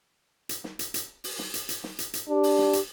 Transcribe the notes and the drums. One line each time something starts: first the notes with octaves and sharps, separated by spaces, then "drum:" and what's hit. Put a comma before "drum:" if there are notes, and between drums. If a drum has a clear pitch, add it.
drum: hi-hat
drum: snare
drum: hi-hat
drum: hi-hat
drum: open hi-hat
drum: snare
drum: hi-hat
drum: hi-hat
drum: snare
drum: hi-hat
drum: hi-hat
D4 G4
drum: open hi-hat
drum: snare
drum: hi-hat